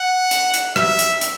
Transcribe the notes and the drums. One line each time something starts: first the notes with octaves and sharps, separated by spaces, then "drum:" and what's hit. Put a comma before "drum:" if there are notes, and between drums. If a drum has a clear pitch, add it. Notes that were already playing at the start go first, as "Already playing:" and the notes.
Already playing: F#5
drum: hi-hat
drum: hi-hat
E5, drum: rim click
drum: hi-hat
drum: hi-hat